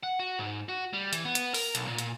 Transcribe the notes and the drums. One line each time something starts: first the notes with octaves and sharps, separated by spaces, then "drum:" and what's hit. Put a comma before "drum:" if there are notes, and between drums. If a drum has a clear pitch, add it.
F#5
F#4
G#2
F#4
G3
E3, drum: hi-hat
B3
drum: hi-hat
A#4, drum: open hi-hat
B1, drum: hi-hat
A#2
drum: hi-hat